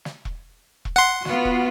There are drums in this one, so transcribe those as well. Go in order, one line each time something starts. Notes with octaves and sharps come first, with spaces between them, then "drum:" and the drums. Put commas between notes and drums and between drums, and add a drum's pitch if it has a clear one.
drum: snare
drum: kick E1
drum: kick E1
F#5 C6
B3 F4 F#4, drum: snare
drum: kick E1